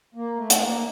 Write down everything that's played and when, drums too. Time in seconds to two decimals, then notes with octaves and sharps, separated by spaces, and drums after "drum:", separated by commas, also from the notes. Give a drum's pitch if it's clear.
0.15 A#3
0.36 A3
0.50 drum: hi-hat
0.60 A#3